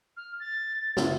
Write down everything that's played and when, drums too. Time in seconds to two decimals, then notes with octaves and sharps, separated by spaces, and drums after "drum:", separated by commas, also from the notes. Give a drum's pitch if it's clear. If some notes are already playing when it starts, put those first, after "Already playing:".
0.17 F6
0.40 A6
0.97 C#3 E4 F#4, drum: snare